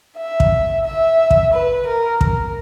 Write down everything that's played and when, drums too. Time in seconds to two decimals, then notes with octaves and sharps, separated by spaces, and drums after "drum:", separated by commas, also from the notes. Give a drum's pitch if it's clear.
0.17 E5
0.40 drum: kick
0.85 E5
1.31 drum: kick
1.53 B4
1.87 A#4
2.21 A#4, drum: kick